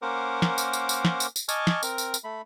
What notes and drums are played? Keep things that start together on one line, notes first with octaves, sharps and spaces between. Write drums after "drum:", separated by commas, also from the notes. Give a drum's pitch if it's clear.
A#3 C#4 A#4 C5 F#5 D6
drum: snare
drum: tambourine
drum: tambourine
drum: tambourine
drum: snare
drum: tambourine
drum: tambourine
D#5 G#5 A5 C#6 D6 F6, drum: tambourine
drum: snare
C4 A#4, drum: tambourine
drum: tambourine
drum: tambourine
A3 B5